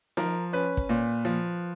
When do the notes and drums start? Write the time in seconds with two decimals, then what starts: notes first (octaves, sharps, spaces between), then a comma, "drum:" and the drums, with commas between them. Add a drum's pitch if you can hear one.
0.17 F3 A#4, drum: snare D#4
0.53 C#4 B4
0.77 drum: kick
0.89 A#2
1.25 F3